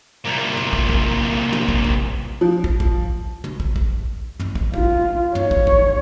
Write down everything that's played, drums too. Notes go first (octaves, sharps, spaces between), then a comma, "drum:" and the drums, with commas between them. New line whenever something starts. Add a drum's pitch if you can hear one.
C2 A#2
drum: tom
drum: kick
drum: kick
drum: tom
drum: kick
drum: kick
F3
drum: kick
drum: kick
drum: tom
drum: kick
drum: kick
drum: tom
drum: kick
F4, drum: kick
C#5, drum: tom
drum: kick
drum: kick